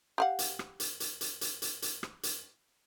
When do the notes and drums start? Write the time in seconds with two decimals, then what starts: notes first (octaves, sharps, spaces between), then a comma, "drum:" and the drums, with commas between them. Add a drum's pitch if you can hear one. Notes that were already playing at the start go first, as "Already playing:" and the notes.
0.18 G4 F5 F#5
0.39 drum: hi-hat
0.59 drum: rim click
0.80 drum: hi-hat
1.00 drum: hi-hat
1.21 drum: hi-hat
1.41 drum: hi-hat
1.62 drum: hi-hat
1.82 drum: hi-hat
2.03 drum: rim click
2.23 drum: hi-hat